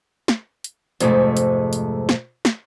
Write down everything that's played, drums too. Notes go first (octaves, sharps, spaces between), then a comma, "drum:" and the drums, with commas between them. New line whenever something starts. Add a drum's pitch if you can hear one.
drum: snare
drum: hi-hat
F2 G#2 C3 G#3 A3, drum: hi-hat
drum: hi-hat
drum: hi-hat
drum: snare
drum: snare